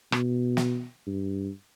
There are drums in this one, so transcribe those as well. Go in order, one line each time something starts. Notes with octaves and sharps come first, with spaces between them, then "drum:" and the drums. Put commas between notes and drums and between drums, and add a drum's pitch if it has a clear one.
B2, drum: rim click
drum: snare
G2